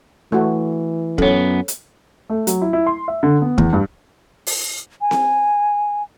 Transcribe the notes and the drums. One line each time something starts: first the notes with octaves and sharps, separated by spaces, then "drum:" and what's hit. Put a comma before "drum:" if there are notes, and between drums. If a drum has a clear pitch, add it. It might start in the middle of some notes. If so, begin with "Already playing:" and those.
E3 A3 F#4
F#2 B3 A4 C#5, drum: kick
drum: hi-hat
A3
F#3, drum: hi-hat
E4
E4
C6
E5
D3
B3
E2, drum: kick
G2
drum: open hi-hat
G#5
drum: snare C4